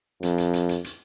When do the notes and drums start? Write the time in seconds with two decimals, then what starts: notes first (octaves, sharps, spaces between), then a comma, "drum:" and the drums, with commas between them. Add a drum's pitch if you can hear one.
0.23 F2, drum: hi-hat
0.38 drum: hi-hat
0.53 drum: hi-hat
0.69 drum: hi-hat
0.84 drum: hi-hat